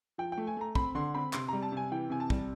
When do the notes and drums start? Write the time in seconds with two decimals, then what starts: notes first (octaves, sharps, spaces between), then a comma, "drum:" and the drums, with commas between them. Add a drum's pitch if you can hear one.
0.18 F3 G5
0.32 G5
0.37 A3
0.47 G#5
0.57 A3 A#5
0.75 C4 B5, drum: kick
0.95 D3 C6
1.14 C4 B5
1.33 C3 C6, drum: clap
1.48 G3 A#5
1.62 A5
1.72 C3 G#5
1.91 E3 G5
2.10 C3 G#5
2.20 A5
2.30 G3, drum: kick